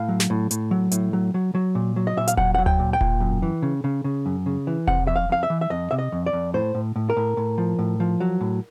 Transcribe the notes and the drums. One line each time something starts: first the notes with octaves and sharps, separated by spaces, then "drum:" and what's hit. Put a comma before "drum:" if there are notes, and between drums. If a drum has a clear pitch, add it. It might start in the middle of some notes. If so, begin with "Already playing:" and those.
Already playing: A2 F5
F#3
drum: snare
A2
A2, drum: hi-hat
F#3
A2, drum: hi-hat
F#3
F#3
F#3
A#2
F#3
D#5
A#2 E5
F5, drum: hi-hat
F#3 F#5, drum: kick E1
F#3 F#5
G5, drum: tom D2
A#2
G5
A#2, drum: kick E1
F#2
E3
C#3
C#3
C#3
F#2
C#3
E3
C3 F#5, drum: kick E1
F2 E5
F5
F2 F5
E5
E3
E5
F2 D#5
C3 E5
D#5
F2
D5
F2
A2 C5
A2
A2
A#4
A2
A2
F3
A2
F3
F#3
A2